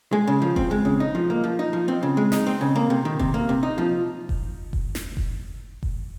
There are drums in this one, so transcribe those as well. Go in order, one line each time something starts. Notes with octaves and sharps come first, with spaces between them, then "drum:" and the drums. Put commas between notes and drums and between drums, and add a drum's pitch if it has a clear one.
G#3
C#3
F3
C4, drum: kick F1
G#3
C#3
D#4
F3
A#3
F3
D#4
F3
C4
C#3
G#3
D#4, drum: snare
C4
C#3
A#3
C3
D#3
C3, drum: kick F1
A#3
C3
D#4
F3
drum: kick F1
drum: kick F1
drum: snare
drum: kick F1
drum: kick F1